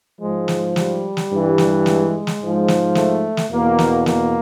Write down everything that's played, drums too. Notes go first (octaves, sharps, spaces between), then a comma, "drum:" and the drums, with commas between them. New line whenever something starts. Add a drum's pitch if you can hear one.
G#2 F3 G#3
drum: snare
G3, drum: snare
drum: snare
G2 E3
drum: snare
G#3, drum: snare
drum: snare
G#2 F3
drum: snare
A3, drum: snare
drum: snare
E2 B2 A#3
drum: snare
A#3, drum: snare